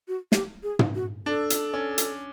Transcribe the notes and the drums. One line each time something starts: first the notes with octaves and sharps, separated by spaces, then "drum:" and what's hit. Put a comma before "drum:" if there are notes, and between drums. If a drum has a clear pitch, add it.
F#4
G4, drum: snare
G#4
drum: tom
F#4
D4 A4
drum: hi-hat
C#4
drum: hi-hat